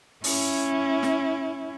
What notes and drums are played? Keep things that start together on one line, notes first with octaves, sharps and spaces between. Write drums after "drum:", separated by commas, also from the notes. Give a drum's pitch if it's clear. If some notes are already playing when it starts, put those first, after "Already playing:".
C#4 E4, drum: open hi-hat
drum: snare